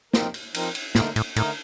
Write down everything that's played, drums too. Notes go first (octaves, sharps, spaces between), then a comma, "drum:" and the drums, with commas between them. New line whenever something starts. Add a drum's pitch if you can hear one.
F3 C4 D#4 A#4, drum: snare
drum: cymbal
F3 C4 D#4 A#4, drum: cymbal
drum: cymbal
A2 D3 A3 D#4 A#4, drum: snare
A2, drum: cymbal
A2 D3 A3 D#4 A#4, drum: cymbal